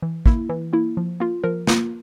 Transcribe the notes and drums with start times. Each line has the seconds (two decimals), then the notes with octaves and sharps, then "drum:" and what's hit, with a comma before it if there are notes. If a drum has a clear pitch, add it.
0.02 E3
0.26 A#3 E4, drum: kick
0.49 E3
0.73 A#3 E4
0.97 F3
1.20 A#3 F4
1.44 F3 A#4
1.67 A#3 F4, drum: snare